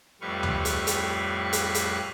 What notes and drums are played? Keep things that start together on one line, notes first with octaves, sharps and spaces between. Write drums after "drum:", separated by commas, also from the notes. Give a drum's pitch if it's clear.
F2 A2 G3 B4 F5 C#6
drum: tom D2
drum: hi-hat
drum: hi-hat
drum: hi-hat
drum: hi-hat